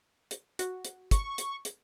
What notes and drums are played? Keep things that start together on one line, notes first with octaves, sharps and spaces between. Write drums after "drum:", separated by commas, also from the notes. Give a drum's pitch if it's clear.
drum: hi-hat
F#4, drum: hi-hat
drum: hi-hat
C#6, drum: kick, hi-hat
drum: hi-hat
drum: hi-hat